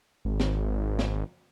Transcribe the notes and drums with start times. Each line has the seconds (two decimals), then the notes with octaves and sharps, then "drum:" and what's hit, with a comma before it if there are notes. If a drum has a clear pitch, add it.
0.25 G#1
0.40 drum: snare
0.99 drum: snare